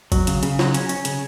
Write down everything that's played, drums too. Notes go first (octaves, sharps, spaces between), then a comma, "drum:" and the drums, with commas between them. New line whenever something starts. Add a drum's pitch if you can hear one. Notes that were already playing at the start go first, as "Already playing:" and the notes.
F#3, drum: kick G1, hi-hat
C#3, drum: hi-hat
C#3, drum: hi-hat
F#3, drum: snare
C#4, drum: hi-hat
C#4, drum: hi-hat
C#3, drum: hi-hat